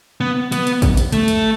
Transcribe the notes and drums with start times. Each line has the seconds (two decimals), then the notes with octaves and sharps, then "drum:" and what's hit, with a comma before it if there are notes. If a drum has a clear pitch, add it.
0.21 B3
0.52 B3, drum: hi-hat
0.67 drum: hi-hat
0.82 drum: kick, hi-hat
0.97 drum: hi-hat
1.12 A3, drum: hi-hat
1.28 drum: hi-hat